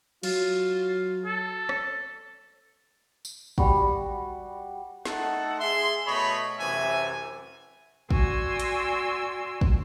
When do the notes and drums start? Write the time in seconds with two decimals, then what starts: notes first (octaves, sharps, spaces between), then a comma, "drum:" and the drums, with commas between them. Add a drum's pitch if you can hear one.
0.23 F#3 F4, drum: cymbal
1.25 A4
1.69 drum: rim click
3.25 drum: tambourine
3.58 G3 F#4, drum: kick
5.05 A3 D#4 A4 F#5, drum: snare
5.59 G#4 E5 C6
6.06 B2 A3 C#5 D#5 B5
6.58 F#2 C3 E3 A3 E5 G#5
8.11 F#4 D5 G#5 C6 E6, drum: kick
8.60 drum: hi-hat
9.61 drum: kick